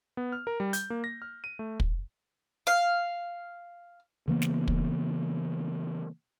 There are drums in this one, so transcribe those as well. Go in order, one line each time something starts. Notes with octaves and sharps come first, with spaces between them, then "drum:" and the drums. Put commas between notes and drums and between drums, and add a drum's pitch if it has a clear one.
B3
F6
A#4
G3
G6, drum: hi-hat
A#3
A#6
F6
D#7
A3
drum: kick
F5
C#3 E3 A#3 B3
drum: snare
drum: kick